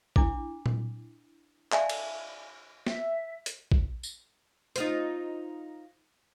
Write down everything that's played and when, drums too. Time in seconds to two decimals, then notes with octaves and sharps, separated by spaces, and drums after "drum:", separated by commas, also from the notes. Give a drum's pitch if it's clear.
0.16 D4 E4 D6, drum: kick A#1
0.66 drum: tom A#2
1.72 D5 E5 F5 G#5 A5, drum: clap
1.90 drum: cymbal
2.87 E5, drum: snare
3.46 drum: hi-hat
3.72 drum: kick A#1
4.03 drum: tambourine
4.76 D#4 F4 C5, drum: hi-hat